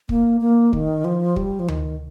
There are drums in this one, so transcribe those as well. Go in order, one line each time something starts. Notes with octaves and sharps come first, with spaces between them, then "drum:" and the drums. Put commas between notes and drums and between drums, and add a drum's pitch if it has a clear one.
A#3, drum: kick
A#3
D#3, drum: kick
F3
G3, drum: kick
F3
D#3, drum: tom D2